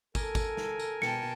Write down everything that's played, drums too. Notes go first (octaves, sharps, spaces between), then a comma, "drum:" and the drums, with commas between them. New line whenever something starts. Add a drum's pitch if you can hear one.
A4 A#4 G#5, drum: kick, tambourine
drum: kick, tambourine
drum: snare
drum: tambourine
B2 G5 A5 C#7, drum: snare